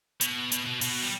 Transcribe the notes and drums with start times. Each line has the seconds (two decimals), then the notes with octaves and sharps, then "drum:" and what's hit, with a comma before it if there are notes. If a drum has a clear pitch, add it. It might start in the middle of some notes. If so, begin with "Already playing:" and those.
0.21 B2, drum: hi-hat
0.52 B2, drum: hi-hat
0.66 B2
0.81 B2, drum: open hi-hat
1.03 G3